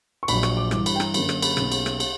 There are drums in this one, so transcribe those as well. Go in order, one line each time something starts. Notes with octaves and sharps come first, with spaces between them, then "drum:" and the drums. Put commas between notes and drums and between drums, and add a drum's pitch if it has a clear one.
C#6
A#1 A#2 F#3 B5, drum: cymbal
C#6, drum: rim click
D6
G2 E3 G3 D6, drum: rim click
B5, drum: cymbal
G5
A#5, drum: rim click
F#2 D3 A#3 C#4 B5, drum: cymbal
drum: rim click
B5, drum: cymbal
B1 B2 A#3 C#4, drum: rim click
drum: cymbal
drum: rim click
drum: cymbal